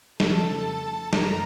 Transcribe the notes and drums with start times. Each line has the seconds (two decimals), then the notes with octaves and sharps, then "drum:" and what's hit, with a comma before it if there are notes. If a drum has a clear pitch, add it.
0.20 F2 C#3 F3 A3 A4 A5, drum: snare
1.13 F#2 D#3 A3 A#4 A#5, drum: snare